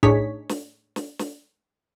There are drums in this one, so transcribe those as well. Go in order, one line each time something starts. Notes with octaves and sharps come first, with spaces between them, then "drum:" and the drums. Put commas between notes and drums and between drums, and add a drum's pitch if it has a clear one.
A2 D4 D#4 G#4 C#5 B6, drum: kick B1
drum: snare
drum: snare
drum: snare